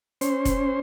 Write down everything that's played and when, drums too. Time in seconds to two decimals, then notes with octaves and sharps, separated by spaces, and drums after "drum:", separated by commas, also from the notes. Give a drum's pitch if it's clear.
0.21 C#4 C5, drum: hi-hat
0.45 drum: kick, hi-hat